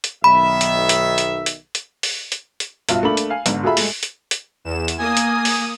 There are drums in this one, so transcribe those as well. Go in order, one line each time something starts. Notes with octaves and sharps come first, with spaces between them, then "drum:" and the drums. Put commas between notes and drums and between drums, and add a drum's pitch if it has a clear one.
drum: hi-hat
B1 D#3 E5 B5
drum: hi-hat
drum: hi-hat
drum: hi-hat
drum: hi-hat
drum: hi-hat
drum: open hi-hat
drum: hi-hat
drum: hi-hat
B1 G2 F4 E5, drum: hi-hat
A3 A#3 D4 B5 F#7
drum: hi-hat
F5 G#5
G1 G#2 D3, drum: hi-hat
F4 F#4 G#4 A4 E5 B5
G#3 A3, drum: open hi-hat
drum: hi-hat
drum: hi-hat
E2 E7
drum: hi-hat
A#3 G#5 D#6
drum: hi-hat
drum: open hi-hat